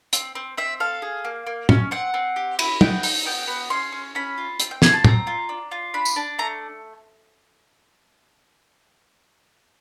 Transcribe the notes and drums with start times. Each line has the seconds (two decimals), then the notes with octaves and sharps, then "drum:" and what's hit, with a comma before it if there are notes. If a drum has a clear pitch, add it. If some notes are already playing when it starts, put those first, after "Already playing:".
0.13 C4, drum: hi-hat
0.35 C4
0.57 C4 E5
0.80 A4 F5
1.02 G#4
1.25 A#3
1.47 A#3
1.69 C#4, drum: tom
1.91 C4 F#5
2.14 C4
2.36 G4
2.59 E4, drum: cymbal
2.81 B3 G5, drum: tom
3.03 D#4, drum: open hi-hat
3.25 B3 G5
3.47 B3
3.70 C#4 C6
3.92 C#4
4.15 C#4 B5
4.38 F4
4.60 C4, drum: hi-hat
4.71 G5
4.82 F4 G#5, drum: snare
4.93 A5
5.04 C4 A#5, drum: tom
5.27 F4
5.49 D4
5.71 F4
5.94 D4 B5
6.05 drum: tambourine
6.16 D4
6.39 A3 A#5